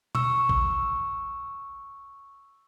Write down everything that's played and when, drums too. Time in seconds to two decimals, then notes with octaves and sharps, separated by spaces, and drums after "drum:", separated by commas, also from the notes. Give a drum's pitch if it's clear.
0.15 C#6 E6, drum: tom B2
0.49 drum: kick A1